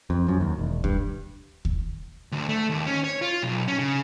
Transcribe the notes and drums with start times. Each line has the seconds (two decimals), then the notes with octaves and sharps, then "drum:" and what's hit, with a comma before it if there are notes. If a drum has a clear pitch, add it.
0.10 F2
0.28 F#2
0.40 D#2
0.59 E1
0.84 G2, drum: kick D2
1.65 drum: kick D2
2.32 D2
2.49 A3
2.70 D#2
2.87 C#4
3.04 C#5
3.22 F4
3.43 B1
3.68 C#4
3.79 C#3